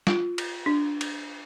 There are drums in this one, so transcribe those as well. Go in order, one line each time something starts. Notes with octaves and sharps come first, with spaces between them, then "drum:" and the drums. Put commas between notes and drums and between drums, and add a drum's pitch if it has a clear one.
F4, drum: snare
drum: cymbal
D4
drum: cymbal